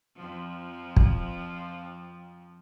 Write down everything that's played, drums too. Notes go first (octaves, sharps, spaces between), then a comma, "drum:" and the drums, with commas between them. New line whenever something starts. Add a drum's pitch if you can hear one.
F2 F3
drum: kick